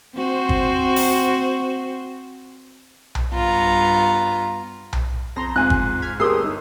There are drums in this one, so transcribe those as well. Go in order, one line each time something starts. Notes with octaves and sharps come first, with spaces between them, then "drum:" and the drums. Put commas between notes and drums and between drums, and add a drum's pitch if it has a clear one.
C4 F#4 C5
drum: kick G1
drum: open hi-hat
drum: tom B1
G2 B3 F4 A#5
drum: tom B1
F2 A#5 C6 A#6
G#2 C4 F4 G#5 F#6
drum: kick G1
F6 G#6 B6
G1 G4 G#4 A#4 C6 D#6 E6 C7
D#4